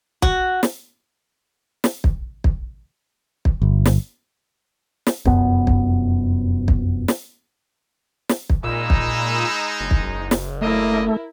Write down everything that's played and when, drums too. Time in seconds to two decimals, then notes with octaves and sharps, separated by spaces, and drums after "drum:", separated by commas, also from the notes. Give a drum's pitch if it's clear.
0.22 F#4, drum: kick
0.63 drum: snare
1.84 drum: snare
2.04 drum: kick
2.44 drum: kick
3.45 drum: kick
3.62 G1
3.86 drum: snare
5.07 drum: snare
5.25 F1 F#2 B3, drum: kick
5.67 drum: kick
6.68 drum: kick
7.08 drum: snare
8.29 drum: snare
8.50 drum: kick
8.64 A#2 G#3 D#4 B5 E6
8.90 drum: kick
9.80 F#1
9.91 drum: kick
10.31 drum: snare
10.61 A3 A#3 E4 A#4 D5 D#5